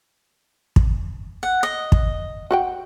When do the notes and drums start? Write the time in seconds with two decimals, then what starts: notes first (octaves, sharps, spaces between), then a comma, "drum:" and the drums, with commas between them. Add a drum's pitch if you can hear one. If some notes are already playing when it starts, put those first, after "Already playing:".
0.76 drum: kick
1.43 F#5
1.63 D#5
1.92 drum: kick
2.51 F#4 F#5 G5